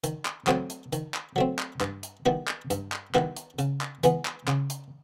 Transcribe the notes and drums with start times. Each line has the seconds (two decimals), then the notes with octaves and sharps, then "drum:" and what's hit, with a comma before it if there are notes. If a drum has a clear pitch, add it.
0.04 D#3, drum: hi-hat
0.25 drum: clap
0.47 F#3 A3 C4, drum: clap
0.70 drum: hi-hat
0.93 D#3, drum: hi-hat
1.14 drum: clap
1.36 F#3 A3 C4
1.59 drum: clap
1.81 G2, drum: clap
2.03 drum: hi-hat
2.26 D#3 G3 B3 E4
2.48 drum: clap
2.70 G2, drum: hi-hat
2.92 drum: clap
3.15 D#3 G3 B3 E4, drum: clap
3.37 drum: hi-hat
3.59 C#3, drum: hi-hat
3.81 drum: clap
4.04 E3 G#3 B3, drum: hi-hat
4.25 drum: clap
4.48 C#3, drum: clap
4.70 drum: hi-hat